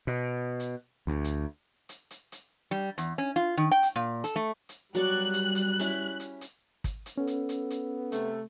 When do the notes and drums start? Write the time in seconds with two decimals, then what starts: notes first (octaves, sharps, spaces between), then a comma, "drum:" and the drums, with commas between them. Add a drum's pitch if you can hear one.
0.07 B2
0.60 drum: hi-hat
1.07 D2
1.24 drum: hi-hat
1.89 drum: hi-hat
2.11 drum: hi-hat
2.32 drum: hi-hat
2.71 G3
2.98 E2, drum: hi-hat
3.18 C#4
3.36 F4
3.57 D#3
3.71 G5
3.83 drum: hi-hat
3.96 A#2
4.24 A4, drum: hi-hat
4.36 A3
4.69 drum: hi-hat
4.95 F#3 G3 D5 C#6 F#6
5.34 drum: hi-hat
5.55 drum: hi-hat
5.80 C#4 E4, drum: hi-hat
6.20 drum: hi-hat
6.41 drum: hi-hat
6.84 drum: kick, hi-hat
7.06 drum: hi-hat
7.18 B3 C#4 A4
7.27 drum: hi-hat
7.49 drum: hi-hat
7.70 drum: hi-hat
8.12 C3 A3, drum: hi-hat